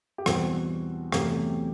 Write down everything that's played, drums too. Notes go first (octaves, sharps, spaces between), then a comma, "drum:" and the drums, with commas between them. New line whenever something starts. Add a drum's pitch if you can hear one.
G4
E2 B2 G3 C4 F#4, drum: rim click
E2 C3 F#3 A3 G4, drum: rim click